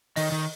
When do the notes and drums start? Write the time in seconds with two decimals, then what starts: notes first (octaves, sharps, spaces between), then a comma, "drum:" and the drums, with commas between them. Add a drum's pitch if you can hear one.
0.16 D#3 D#5, drum: open hi-hat
0.32 D#3